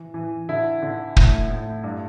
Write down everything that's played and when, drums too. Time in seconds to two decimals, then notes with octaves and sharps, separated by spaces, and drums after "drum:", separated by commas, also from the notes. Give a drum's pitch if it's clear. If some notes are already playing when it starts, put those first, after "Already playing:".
Already playing: E3
0.14 E3
0.49 D3 E4
0.83 D3
1.16 A2, drum: kick
1.50 A2
1.84 G2